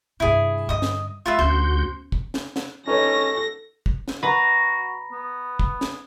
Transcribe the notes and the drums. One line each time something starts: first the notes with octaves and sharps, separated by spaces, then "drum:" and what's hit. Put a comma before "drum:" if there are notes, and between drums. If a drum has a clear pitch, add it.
G2 C3 E4 G#4
G2 D3 D#5 D#6
drum: snare
A3 F4 B4 E5
D2 B3 C#4 F#4 C5 G6
drum: kick
drum: snare
drum: snare
C#4 D#4 A4 B4 C#5 A#6
drum: kick
drum: snare
F#4 B4 A#5
B3
drum: kick
drum: snare